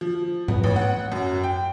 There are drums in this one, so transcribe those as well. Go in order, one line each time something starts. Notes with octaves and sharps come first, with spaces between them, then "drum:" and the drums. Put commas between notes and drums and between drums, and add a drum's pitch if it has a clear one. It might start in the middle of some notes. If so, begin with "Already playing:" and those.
F3
B3, drum: tom G#2
A1
F#5
F#2
G5